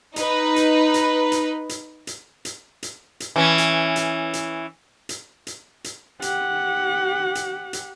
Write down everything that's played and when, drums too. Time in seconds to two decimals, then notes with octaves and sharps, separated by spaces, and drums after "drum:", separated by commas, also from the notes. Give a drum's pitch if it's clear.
0.16 D#4 B4, drum: hi-hat
0.56 drum: hi-hat
0.94 drum: hi-hat
1.32 drum: hi-hat
1.69 drum: hi-hat
2.07 drum: hi-hat
2.45 drum: hi-hat
2.83 drum: hi-hat
3.20 drum: hi-hat
3.36 E3 C#4
3.58 drum: hi-hat
3.96 drum: hi-hat
4.33 drum: hi-hat
5.09 drum: hi-hat
5.47 drum: hi-hat
5.84 drum: hi-hat
6.22 G4 F#5, drum: hi-hat
7.35 drum: hi-hat
7.73 drum: hi-hat